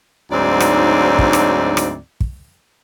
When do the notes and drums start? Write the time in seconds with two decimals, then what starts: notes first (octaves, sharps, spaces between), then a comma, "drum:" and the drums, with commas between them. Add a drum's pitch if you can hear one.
0.31 D2 G#2 F#3 C4 D#4 D5
0.60 drum: rim click
1.19 drum: kick
1.33 drum: rim click
1.77 drum: rim click
2.21 drum: kick